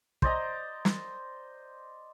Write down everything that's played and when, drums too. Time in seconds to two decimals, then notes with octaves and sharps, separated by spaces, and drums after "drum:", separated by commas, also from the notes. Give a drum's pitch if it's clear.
0.22 C5 D5 D#5 A#5, drum: kick
0.85 drum: snare